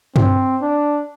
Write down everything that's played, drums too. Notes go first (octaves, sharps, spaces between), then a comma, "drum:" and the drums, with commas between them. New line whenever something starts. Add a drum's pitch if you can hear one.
C4, drum: tom G2
D4